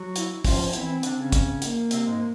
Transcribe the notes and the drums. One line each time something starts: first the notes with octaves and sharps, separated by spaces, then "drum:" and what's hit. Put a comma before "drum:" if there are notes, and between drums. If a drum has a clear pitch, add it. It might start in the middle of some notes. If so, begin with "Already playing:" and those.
Already playing: F#3 F#4
E4, drum: hi-hat
F3 C#4 F4, drum: kick, open hi-hat
E3 C4 E4, drum: hi-hat
D3 D4, drum: hi-hat
C#3 C#4
drum: kick, hi-hat
A#3, drum: hi-hat
C3 C4, drum: hi-hat
G#2 G#3